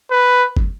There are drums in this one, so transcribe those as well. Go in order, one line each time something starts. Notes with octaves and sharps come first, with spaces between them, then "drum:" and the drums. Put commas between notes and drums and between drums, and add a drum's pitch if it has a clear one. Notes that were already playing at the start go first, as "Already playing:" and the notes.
B4
drum: kick G1